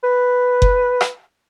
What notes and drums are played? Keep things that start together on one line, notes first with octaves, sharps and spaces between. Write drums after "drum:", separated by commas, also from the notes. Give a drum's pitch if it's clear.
B4
drum: kick F#1
drum: rim click